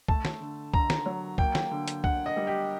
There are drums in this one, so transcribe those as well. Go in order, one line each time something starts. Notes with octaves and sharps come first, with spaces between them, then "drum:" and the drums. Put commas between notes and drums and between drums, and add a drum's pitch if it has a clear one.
A3 A5, drum: kick C2
drum: snare
D3
D3 A#5, drum: kick C2
drum: snare
F#3
A#3 G5, drum: kick C2
drum: snare
D3
drum: hi-hat
D3 F#5, drum: kick C2
D#5
G3
G4